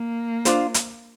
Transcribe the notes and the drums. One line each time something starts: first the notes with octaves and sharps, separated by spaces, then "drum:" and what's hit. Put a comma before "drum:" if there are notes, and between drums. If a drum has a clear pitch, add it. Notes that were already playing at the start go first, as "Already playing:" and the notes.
Already playing: A#3
D4 F4 C5, drum: hi-hat
drum: hi-hat